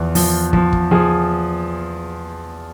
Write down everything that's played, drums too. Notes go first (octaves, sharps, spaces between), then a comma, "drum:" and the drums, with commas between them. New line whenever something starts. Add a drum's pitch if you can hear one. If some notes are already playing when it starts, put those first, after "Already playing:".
Already playing: E2 F3
F3, drum: open hi-hat
F3, drum: kick
drum: kick
F3 G#4